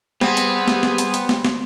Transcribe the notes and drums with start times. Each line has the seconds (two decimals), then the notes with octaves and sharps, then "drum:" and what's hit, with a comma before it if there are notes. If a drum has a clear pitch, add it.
0.21 G3 B3 C4 G#4 F#5, drum: snare
0.37 drum: hi-hat
0.68 drum: snare
0.83 drum: snare
0.98 drum: hi-hat
1.14 drum: hi-hat
1.29 drum: snare
1.45 drum: snare